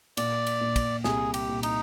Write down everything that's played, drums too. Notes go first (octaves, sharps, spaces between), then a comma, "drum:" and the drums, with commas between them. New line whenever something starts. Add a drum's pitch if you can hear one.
A#2 D5, drum: cymbal
drum: cymbal
A#2
drum: kick, cymbal
C2 G#4, drum: snare
G4, drum: cymbal
A#2
D#4, drum: cymbal